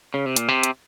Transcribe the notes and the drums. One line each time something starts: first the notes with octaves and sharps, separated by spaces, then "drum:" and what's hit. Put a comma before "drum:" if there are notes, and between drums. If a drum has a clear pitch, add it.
C#3
C3
A#2, drum: hi-hat
C3
drum: hi-hat